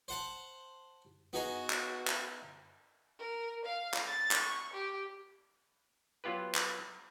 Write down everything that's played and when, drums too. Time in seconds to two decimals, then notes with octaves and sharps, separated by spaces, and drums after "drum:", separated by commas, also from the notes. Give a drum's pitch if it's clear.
0.08 C5 F#5 A5
1.33 B3 D#4 F#4 G#4
1.70 drum: clap
2.07 drum: clap
3.19 A#4
3.66 F5
3.94 drum: clap
4.06 A6
4.31 drum: clap
4.42 C#6
4.74 G4
6.24 F#3 B3 F4 G4 B4
6.55 drum: clap